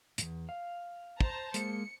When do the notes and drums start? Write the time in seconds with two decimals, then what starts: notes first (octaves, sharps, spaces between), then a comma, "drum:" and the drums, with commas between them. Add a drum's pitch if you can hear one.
0.18 E2 G#2, drum: hi-hat
0.49 F5
1.21 C5 A5 A#5, drum: kick
1.54 G#3 A#3 C#7, drum: hi-hat